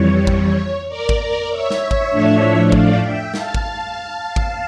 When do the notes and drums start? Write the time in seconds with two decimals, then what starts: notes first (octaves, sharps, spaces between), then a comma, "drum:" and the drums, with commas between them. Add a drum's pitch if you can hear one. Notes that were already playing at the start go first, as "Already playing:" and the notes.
Already playing: F2 E3 G3 C#5
0.27 drum: kick G#1
0.88 A#4 D5
1.09 drum: kick G#1
1.20 A#4 D5
1.50 C#5 E5
1.70 drum: snare
1.91 drum: kick G#1
2.11 A2 F3 A3 D4
2.72 D5 F5, drum: kick G#1
3.03 E5 G5
3.34 F5 A5, drum: snare
3.54 drum: kick G#1
4.36 drum: kick G#1